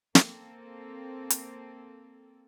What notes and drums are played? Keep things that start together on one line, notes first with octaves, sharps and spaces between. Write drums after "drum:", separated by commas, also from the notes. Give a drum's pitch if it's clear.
A#3 C4 A4, drum: snare
drum: hi-hat